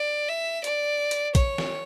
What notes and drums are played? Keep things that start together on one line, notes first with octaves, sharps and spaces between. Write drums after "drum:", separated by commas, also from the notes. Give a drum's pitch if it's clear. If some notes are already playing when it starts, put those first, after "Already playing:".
Already playing: D5
E5
D5, drum: hi-hat
drum: hi-hat
C#5, drum: kick, hi-hat
drum: snare